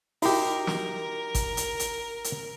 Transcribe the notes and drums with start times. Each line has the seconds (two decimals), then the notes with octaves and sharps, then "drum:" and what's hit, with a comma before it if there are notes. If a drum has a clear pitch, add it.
0.22 D#4 E4 F#4 G4 A#4 E5, drum: open hi-hat
0.67 drum: snare
1.35 drum: kick G#1, hi-hat
1.57 drum: hi-hat
1.79 drum: hi-hat
2.24 drum: hi-hat